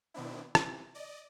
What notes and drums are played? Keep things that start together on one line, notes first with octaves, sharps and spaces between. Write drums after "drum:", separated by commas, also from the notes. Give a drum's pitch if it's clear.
B2 D#3 B3 C4 D4 E4
C3 E3, drum: rim click
D5 D#5